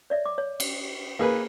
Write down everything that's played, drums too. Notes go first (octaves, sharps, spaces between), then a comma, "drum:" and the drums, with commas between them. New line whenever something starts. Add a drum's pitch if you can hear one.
C#5 D5 E5
D6
C#5
drum: cymbal
A#3 G#4 B4